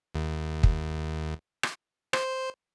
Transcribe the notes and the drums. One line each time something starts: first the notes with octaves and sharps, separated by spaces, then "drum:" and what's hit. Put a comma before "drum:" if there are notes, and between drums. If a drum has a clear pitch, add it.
D#2
drum: kick
drum: rim click
C5, drum: rim click